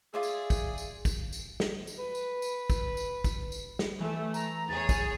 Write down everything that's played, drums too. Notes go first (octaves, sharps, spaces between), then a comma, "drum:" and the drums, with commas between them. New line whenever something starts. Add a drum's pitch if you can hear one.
F4 G#4 D5 E5
drum: tambourine
drum: kick, tambourine
drum: tambourine
drum: kick, tambourine
drum: tambourine
drum: snare
drum: tambourine
B4
drum: tambourine
drum: tambourine
drum: kick, tambourine
drum: tambourine
drum: kick, tambourine
drum: tambourine
drum: snare
E3 A3
A#5, drum: tambourine
E2 G#4 C#5 A6
drum: kick, tambourine